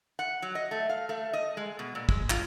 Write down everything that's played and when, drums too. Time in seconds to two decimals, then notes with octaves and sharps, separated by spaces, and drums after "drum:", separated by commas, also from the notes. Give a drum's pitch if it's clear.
0.19 F#5
0.42 F#3
0.55 D#5
0.71 A3
0.89 F5
1.09 A3
1.33 D#5
1.57 G#3
1.79 B2
1.95 A#2
2.09 G#3, drum: kick
2.30 F4, drum: clap